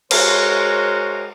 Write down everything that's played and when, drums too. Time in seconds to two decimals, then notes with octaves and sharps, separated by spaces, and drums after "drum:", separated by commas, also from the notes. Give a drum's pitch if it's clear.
0.11 G#3 F#4 A#4 C5 C#5, drum: cymbal